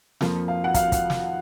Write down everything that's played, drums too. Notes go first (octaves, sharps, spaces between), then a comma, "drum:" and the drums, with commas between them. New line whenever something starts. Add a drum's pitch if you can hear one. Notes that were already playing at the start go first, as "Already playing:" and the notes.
F2 F3 A#3 F4, drum: snare
F5
F#5
F5, drum: kick, hi-hat
drum: kick, hi-hat
drum: snare